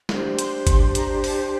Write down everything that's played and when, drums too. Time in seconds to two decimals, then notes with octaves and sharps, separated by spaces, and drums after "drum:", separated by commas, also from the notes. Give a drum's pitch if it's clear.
0.09 D4 G4 C5 E5, drum: snare
0.39 C6, drum: hi-hat
0.67 C6, drum: kick, hi-hat
0.95 A#5, drum: hi-hat
1.24 A5, drum: open hi-hat